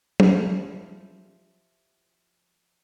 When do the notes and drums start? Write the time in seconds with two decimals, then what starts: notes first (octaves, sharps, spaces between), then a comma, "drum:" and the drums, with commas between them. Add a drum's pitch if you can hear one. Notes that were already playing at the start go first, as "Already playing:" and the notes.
0.20 F3 E4 G4 F5, drum: tom